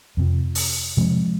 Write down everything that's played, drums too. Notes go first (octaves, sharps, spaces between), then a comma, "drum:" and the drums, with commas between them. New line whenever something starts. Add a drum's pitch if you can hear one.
F2 C3 F3
drum: open hi-hat
C3 F3 G#3 C4